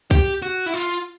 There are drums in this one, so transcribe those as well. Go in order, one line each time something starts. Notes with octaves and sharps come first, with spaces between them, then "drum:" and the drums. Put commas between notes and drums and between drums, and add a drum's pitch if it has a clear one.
G4, drum: kick, tambourine
F#4
E4
F4